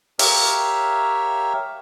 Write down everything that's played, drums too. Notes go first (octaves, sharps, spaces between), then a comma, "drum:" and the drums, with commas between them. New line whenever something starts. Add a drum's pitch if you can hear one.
G4 A#4 C#5 E5 F5, drum: open hi-hat